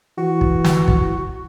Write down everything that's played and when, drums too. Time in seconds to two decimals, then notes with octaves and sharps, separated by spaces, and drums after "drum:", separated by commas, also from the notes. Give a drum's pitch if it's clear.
0.18 E3 F#4
0.41 drum: kick
0.64 drum: snare
0.88 drum: kick